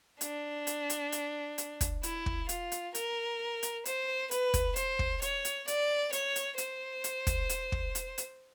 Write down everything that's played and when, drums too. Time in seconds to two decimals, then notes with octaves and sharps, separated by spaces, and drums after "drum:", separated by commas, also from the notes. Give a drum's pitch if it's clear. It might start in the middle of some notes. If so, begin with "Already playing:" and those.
0.21 D4, drum: hi-hat
0.67 drum: hi-hat
0.90 drum: hi-hat
1.12 drum: hi-hat
1.58 drum: hi-hat
1.81 drum: kick, hi-hat
2.03 E4, drum: hi-hat
2.26 drum: kick
2.49 F4, drum: hi-hat
2.72 drum: hi-hat
2.95 A#4, drum: hi-hat
3.63 drum: hi-hat
3.85 C5, drum: hi-hat
4.31 B4, drum: hi-hat
4.54 drum: kick, hi-hat
4.76 C5, drum: hi-hat
4.99 drum: kick
5.22 C#5, drum: hi-hat
5.45 drum: hi-hat
5.68 D5, drum: hi-hat
6.12 C#5, drum: hi-hat
6.36 drum: hi-hat
6.58 C5, drum: hi-hat
7.04 drum: hi-hat
7.27 drum: kick, hi-hat
7.49 drum: hi-hat
7.72 drum: kick
7.95 drum: hi-hat
8.18 drum: hi-hat